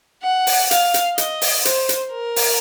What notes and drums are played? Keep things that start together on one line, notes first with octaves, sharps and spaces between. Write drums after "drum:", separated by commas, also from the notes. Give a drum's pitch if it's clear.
F#5
drum: open hi-hat
F5, drum: hi-hat
drum: hi-hat
D#5, drum: hi-hat
drum: open hi-hat
C5, drum: hi-hat
drum: hi-hat
A#4
drum: open hi-hat